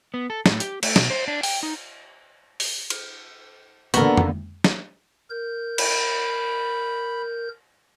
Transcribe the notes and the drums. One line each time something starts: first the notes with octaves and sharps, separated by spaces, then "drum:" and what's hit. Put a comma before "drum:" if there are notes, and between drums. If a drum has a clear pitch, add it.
B3
A4
A2, drum: snare
G4, drum: hi-hat
A3, drum: cymbal
B2, drum: snare
C5
D4
G5, drum: open hi-hat
D#4
drum: open hi-hat
drum: cymbal
D3 A#3 B3 F#4 A#4, drum: hi-hat
drum: tom
drum: snare
A#4 G6
B5, drum: cymbal